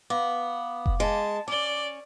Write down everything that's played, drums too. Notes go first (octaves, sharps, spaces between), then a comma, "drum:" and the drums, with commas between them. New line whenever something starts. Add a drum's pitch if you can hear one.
B3 F5 D6
drum: kick F1
G#3 A5
C#4 D5 D6 G7